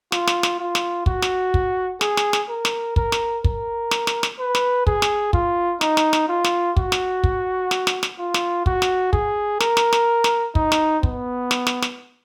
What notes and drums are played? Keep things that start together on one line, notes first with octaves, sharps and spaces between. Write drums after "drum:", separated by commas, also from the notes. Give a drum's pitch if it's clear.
F4, drum: snare
drum: snare
drum: snare
F4
drum: snare
F#4, drum: kick
drum: snare
drum: kick
G#4, drum: snare
drum: snare
drum: snare
A#4
drum: snare
A#4, drum: kick
drum: snare
A#4, drum: kick
drum: snare
drum: snare
drum: snare
B4
drum: snare
G#4, drum: kick
drum: snare
F4, drum: kick
D#4, drum: snare
drum: snare
drum: snare
F4
drum: snare
F#4, drum: kick
drum: snare
drum: kick
drum: snare
drum: snare
drum: snare
F4
drum: snare
F#4, drum: kick
drum: snare
G#4, drum: kick
A#4, drum: snare
drum: snare
drum: snare
drum: snare
D#4, drum: kick
drum: snare
B3, drum: kick
drum: snare
drum: snare
drum: snare